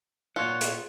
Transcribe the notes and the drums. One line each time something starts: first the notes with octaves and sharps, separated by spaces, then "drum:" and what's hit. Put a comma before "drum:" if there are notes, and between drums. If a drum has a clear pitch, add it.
A#2 F4 C#5 F#5
drum: hi-hat